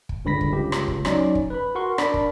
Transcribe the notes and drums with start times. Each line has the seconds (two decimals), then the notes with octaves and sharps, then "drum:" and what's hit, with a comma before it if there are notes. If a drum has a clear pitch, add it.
0.09 drum: kick
0.25 C#2 G2 D3 B5 A#6 B6
0.41 drum: kick
0.52 C#2 G4
0.72 drum: rim click
0.88 drum: kick
1.05 F#3 C#4 D#4 D5, drum: rim click
1.35 drum: kick
1.50 B4 B5
1.75 F#4 A#4 F#5 C6 C#6
1.98 D4 A#4 D5 B5 B6, drum: rim click
2.14 drum: kick